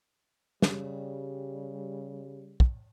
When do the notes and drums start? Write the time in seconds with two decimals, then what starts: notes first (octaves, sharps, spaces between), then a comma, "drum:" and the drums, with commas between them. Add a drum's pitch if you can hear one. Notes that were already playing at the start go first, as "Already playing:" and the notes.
0.62 C#3 G3, drum: snare
2.60 drum: kick